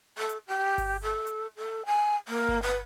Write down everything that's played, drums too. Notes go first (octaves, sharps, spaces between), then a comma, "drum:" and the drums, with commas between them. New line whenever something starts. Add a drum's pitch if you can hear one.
A4
drum: hi-hat
G4
drum: kick G1, open hi-hat
A4
drum: hi-hat
A4
G#5
A#3
drum: kick G1
B4